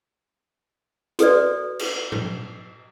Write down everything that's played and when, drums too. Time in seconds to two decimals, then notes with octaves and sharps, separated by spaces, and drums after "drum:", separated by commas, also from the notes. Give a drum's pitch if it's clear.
1.19 F#4 A4 B4 D5, drum: hi-hat
1.79 drum: cymbal
2.12 drum: tom A2